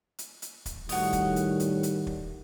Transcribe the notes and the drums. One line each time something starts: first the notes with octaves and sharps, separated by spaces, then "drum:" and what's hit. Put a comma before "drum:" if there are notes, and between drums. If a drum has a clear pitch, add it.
drum: hi-hat
drum: hi-hat
drum: kick, hi-hat
A2 D#3 G3 F#4 D#5, drum: open hi-hat
drum: kick, hi-hat
drum: hi-hat
drum: hi-hat
drum: hi-hat
drum: kick